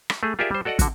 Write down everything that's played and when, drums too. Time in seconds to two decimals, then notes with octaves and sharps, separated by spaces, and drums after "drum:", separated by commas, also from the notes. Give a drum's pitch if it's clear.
0.10 drum: rim click
0.23 A3 G#4
0.39 F4 G4 G#4 A#4 D5 E5
0.51 G3 C5
0.65 F#4 A4 D5 D#5 F#5
0.79 D3 F#4, drum: kick, hi-hat